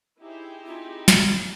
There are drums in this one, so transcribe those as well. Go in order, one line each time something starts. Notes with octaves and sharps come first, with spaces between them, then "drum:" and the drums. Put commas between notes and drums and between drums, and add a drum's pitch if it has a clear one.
D#4 E4 G4 G#4 C5
C4 D#4 F4
drum: snare